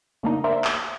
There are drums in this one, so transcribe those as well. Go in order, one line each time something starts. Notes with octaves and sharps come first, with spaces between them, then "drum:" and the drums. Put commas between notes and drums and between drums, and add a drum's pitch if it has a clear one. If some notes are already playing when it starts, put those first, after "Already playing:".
C#3 A3 A#3 D4 D#4
A#4 C5 D5 E5
drum: clap